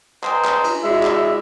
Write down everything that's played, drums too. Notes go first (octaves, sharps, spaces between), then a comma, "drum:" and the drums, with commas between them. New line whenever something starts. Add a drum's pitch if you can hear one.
B4 C5 D#5 G5 G#5 A#5, drum: clap
drum: clap
drum: cymbal
C3 G#3 E4 F#4 D5 E5
drum: clap